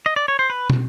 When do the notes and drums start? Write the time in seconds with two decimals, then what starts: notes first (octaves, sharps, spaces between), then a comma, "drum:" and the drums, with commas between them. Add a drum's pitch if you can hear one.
0.06 D#5
0.16 D5
0.28 C#5
0.39 C5
0.50 B4
0.70 drum: tom